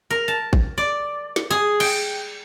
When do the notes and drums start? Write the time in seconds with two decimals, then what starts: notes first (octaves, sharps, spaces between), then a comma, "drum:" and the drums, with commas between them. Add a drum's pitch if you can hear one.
0.10 A#4
0.28 A5
0.53 drum: kick A1
0.78 D5
1.36 drum: snare
1.50 G#4
1.80 G5, drum: cymbal